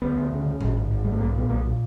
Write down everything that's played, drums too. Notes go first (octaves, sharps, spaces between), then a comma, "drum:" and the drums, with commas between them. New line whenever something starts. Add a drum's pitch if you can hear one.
D2 B3
D2
C#3
C#3
G#1, drum: tom A2
G#2
G#1
G#2 G#3
A3
B1 A#3
A#2 B3
B1 A#3
A#2